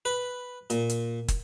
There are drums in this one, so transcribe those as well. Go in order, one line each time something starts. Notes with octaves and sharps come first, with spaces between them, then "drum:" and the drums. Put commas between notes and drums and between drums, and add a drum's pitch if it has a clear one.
B4
A#2, drum: hi-hat
drum: hi-hat
drum: kick, hi-hat